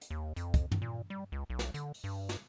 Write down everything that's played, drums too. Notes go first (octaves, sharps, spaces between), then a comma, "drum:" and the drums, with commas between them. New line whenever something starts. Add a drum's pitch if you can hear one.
drum: hi-hat
D#2
F2, drum: hi-hat
drum: kick, hi-hat
drum: tom G2
A#2
G3
C#2
B1
drum: snare
D3, drum: hi-hat
drum: open hi-hat
G2
drum: snare